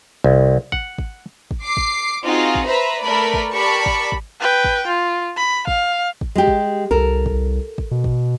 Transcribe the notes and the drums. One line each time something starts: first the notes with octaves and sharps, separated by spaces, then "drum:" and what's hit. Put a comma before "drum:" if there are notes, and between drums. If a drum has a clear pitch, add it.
C2
F#5, drum: kick G#1
drum: kick G#1
drum: kick G#1
D6 C7
drum: kick G#1
C4 D#4 F4 F#4 G#4
drum: kick G#1
B4 C5 E5 A#5 B5
A3 A#4 B4 D5 B5
drum: kick G#1
G4 A#4 D5 A5 B5 C#6
drum: kick G#1
drum: kick G#1
B4 G5
drum: kick G#1
F4
B5
F5, drum: kick G#1
drum: kick G#1
G#3 G4
drum: kick G#1
C2 A4 A#4
drum: kick G#1
drum: kick G#1
B2
drum: kick G#1